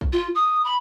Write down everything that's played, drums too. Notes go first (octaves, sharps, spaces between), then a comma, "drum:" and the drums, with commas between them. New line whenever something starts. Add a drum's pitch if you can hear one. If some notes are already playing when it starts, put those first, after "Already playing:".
drum: kick
F4
D#6
B5